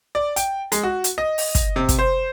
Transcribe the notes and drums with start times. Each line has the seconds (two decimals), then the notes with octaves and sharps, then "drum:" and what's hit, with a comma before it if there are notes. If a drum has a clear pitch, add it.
0.15 D5
0.36 G5, drum: hi-hat
0.72 G#3, drum: hi-hat
0.83 F#4
1.04 drum: hi-hat
1.18 D#5
1.38 drum: open hi-hat
1.55 drum: kick, hi-hat
1.76 C3
1.89 drum: kick, hi-hat
1.99 C5